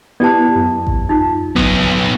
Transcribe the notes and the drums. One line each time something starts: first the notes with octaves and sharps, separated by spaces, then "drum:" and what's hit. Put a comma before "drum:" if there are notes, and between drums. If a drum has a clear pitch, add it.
B3 E4 G4 D5 A5
F#2
drum: kick A1
D#4 F4
B3 D#4 D#6, drum: kick A1